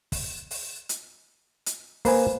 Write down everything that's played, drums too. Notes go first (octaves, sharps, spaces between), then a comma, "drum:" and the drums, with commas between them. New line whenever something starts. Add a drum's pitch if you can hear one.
drum: kick, open hi-hat
drum: open hi-hat
drum: hi-hat
drum: hi-hat
A#3 B4 C5 G#5, drum: open hi-hat